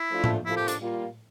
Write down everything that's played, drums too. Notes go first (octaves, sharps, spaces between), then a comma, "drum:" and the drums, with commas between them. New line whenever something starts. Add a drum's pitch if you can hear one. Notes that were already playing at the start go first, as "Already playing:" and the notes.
Already playing: E4
F3 A3 D4 F4
drum: tom A2
C3 F3 A#3 E4 F4 A4
G4
D4, drum: hi-hat
G3 A#3 F4